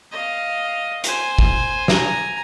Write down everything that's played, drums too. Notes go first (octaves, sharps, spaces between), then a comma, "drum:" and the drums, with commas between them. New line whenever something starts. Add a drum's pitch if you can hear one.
D#5 F5
C5 G#5, drum: hi-hat
drum: kick
G#5 A#5, drum: snare